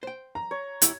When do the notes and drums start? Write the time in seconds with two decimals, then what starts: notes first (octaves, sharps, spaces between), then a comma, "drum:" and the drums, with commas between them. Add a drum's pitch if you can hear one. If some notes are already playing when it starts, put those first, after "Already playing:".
0.03 C5 G5
0.35 A#5
0.51 C#5
0.82 E2 E4 G4, drum: hi-hat